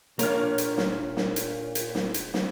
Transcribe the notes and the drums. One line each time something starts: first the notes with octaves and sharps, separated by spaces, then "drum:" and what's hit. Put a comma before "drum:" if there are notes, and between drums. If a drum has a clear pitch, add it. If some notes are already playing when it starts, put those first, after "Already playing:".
A#2 A#3 D4 A#4 C#5 A#5 F6, drum: hi-hat
drum: hi-hat
drum: snare
drum: snare
drum: hi-hat
drum: hi-hat
drum: snare
drum: hi-hat
drum: snare